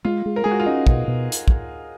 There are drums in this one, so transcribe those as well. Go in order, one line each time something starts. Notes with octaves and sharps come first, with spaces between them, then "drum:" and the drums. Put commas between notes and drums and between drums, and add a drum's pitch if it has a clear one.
G#3 F4
G#3
A#4
G#3 G#4
F#4
F4
C#4 D#4
B2, drum: kick
B2
drum: hi-hat
drum: kick